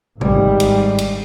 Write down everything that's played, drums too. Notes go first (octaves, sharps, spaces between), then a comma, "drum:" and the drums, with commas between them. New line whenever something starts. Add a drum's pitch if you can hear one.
G#1 G#2 G3, drum: tom C3
drum: cymbal
drum: cymbal